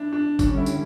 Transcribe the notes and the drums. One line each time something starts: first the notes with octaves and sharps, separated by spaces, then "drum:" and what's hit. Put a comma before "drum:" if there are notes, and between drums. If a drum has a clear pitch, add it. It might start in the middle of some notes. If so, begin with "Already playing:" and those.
Already playing: D4 E4
D4
D2 D3 G3 C#4 D4, drum: kick G#1, tambourine
E4
drum: tambourine